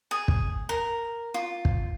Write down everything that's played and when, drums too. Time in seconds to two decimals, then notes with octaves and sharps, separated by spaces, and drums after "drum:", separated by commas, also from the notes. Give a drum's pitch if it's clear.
0.11 G#4
0.28 drum: kick
0.69 A#4
1.34 F4
1.65 drum: kick